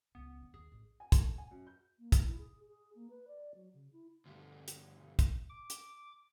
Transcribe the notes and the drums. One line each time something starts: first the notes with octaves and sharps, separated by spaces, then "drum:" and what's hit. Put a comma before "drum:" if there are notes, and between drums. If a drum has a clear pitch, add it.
C#2 F3 B3
D3
D#2 G#4
A1
G#5
A3, drum: kick, hi-hat
G#5
F#2
G6
A#3
drum: kick, hi-hat
E4
G#4
G#4
A#3
B4
D5
F#3
C#3
E4
D2 G2
drum: hi-hat
drum: kick, hi-hat
D6
drum: hi-hat